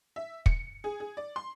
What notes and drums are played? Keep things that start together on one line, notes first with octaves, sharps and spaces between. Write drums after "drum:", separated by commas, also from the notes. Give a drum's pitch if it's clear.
E5
C#7, drum: kick
G#4
G#4
D5
C6